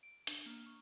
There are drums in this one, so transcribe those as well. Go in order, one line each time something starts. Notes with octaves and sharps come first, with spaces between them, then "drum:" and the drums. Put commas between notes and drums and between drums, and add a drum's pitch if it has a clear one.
D7
D4, drum: hi-hat
A#3
C#6